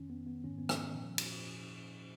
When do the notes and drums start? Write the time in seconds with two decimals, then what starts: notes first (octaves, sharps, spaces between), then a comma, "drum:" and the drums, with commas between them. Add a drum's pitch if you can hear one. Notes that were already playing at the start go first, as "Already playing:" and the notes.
Already playing: F2 D#3 C#4
0.10 B3
0.27 B3
0.44 G#2 D#3 C#4
0.58 B3
0.69 C#4, drum: rim click
0.95 A#2 F3
1.18 drum: cymbal